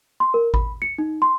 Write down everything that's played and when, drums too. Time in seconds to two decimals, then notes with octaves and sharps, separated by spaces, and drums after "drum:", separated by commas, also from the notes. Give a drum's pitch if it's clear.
0.20 C6
0.34 A#4
0.54 B5, drum: kick G#1
0.82 C#7
0.98 D#4
1.22 C6